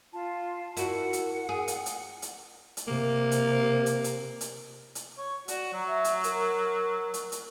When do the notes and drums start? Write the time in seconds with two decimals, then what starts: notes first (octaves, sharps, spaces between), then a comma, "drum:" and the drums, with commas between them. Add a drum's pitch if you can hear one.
0.13 F4 A5
0.77 E4 F#4 A#4 F#5, drum: hi-hat
1.13 drum: hi-hat
1.49 G#4
1.68 drum: hi-hat
1.86 drum: hi-hat
2.22 drum: hi-hat
2.77 drum: hi-hat
2.88 C3 A#3
3.31 drum: hi-hat
3.86 drum: hi-hat
4.04 drum: hi-hat
4.41 drum: hi-hat
4.95 drum: hi-hat
5.18 C#5
5.48 F#4 D5, drum: hi-hat
5.73 F#3 A#5
5.87 E5
6.04 drum: hi-hat
6.24 A#4, drum: hi-hat
7.14 drum: hi-hat
7.32 drum: hi-hat